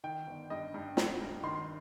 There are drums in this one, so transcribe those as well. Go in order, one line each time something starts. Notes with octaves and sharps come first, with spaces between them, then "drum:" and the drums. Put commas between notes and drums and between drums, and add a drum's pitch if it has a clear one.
D#3 G5
G1
G2 D#5
G2
G2 A#5, drum: snare
G2
D#3 C6